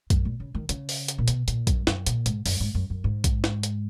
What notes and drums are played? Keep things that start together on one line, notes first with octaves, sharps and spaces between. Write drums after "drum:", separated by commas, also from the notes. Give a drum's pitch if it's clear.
F#2, drum: kick A#1, hi-hat
A#2
C#3
D#3
C#3, drum: hi-hat
drum: open hi-hat
drum: hi-hat
A#2
B2, drum: hi-hat
A#2, drum: hi-hat
F#2, drum: kick A#1, hi-hat
F#2, drum: snare
A#2, drum: hi-hat
G#2, drum: hi-hat
F#2, drum: open hi-hat
G#2
F#2
F#2
G#2
drum: kick A#1, hi-hat
drum: snare
drum: hi-hat